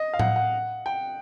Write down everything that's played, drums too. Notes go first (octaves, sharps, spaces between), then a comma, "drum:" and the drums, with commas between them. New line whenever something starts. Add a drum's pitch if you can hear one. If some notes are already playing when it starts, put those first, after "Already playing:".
Already playing: D#5
F5
F#5, drum: tom A2
F#5
G5